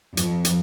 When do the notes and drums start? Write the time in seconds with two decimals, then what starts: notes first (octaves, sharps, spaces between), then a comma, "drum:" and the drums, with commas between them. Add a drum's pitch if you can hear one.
0.17 F2, drum: hi-hat
0.45 drum: hi-hat